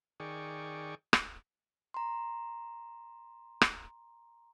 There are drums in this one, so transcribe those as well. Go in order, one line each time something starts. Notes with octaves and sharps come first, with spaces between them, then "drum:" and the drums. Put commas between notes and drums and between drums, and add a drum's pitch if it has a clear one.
D#3 G#4 D5 G5 C#6
drum: rim click
A#5 C6
drum: rim click